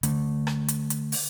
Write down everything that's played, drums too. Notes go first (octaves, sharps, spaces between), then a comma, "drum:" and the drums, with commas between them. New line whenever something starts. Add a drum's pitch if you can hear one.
D3 A3, drum: hi-hat
drum: rim click
drum: hi-hat
drum: hi-hat
drum: open hi-hat